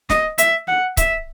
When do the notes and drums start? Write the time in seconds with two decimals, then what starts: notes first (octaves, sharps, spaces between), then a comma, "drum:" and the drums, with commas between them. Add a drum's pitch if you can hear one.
0.10 D#5, drum: snare
0.38 E5, drum: hi-hat
0.68 F#5
0.97 E5, drum: kick C#1, hi-hat